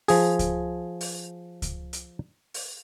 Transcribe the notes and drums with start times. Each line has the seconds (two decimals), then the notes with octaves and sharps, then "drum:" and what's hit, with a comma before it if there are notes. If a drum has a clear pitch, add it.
0.08 F3 G#4, drum: open hi-hat
0.39 drum: kick C#2, hi-hat
1.01 drum: open hi-hat
1.62 drum: kick C#2, hi-hat
1.93 drum: hi-hat
2.54 drum: open hi-hat